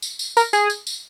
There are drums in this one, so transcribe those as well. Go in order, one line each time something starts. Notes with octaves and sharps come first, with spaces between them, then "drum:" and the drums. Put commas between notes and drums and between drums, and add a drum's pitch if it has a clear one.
drum: tambourine
drum: tambourine
A#4, drum: tambourine
G#4, drum: tambourine
drum: tambourine
drum: tambourine